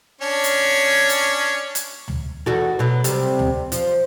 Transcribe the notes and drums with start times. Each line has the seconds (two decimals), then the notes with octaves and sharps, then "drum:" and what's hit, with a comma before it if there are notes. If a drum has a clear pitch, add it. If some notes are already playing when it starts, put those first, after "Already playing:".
0.21 C#4 D4 C#5
0.44 drum: hi-hat
1.09 drum: hi-hat
1.75 drum: hi-hat
2.08 drum: tom
2.46 E2 F#4 A4
2.79 B2 F#3
3.04 C3 G3, drum: hi-hat
3.39 drum: tom
3.72 F3, drum: hi-hat